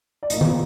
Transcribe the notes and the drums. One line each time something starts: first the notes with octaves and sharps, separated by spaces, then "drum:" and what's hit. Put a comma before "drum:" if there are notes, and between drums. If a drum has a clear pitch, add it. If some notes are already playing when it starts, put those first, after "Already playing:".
D5
B1 A2 F3 A#3 D#5, drum: hi-hat
drum: tom D#3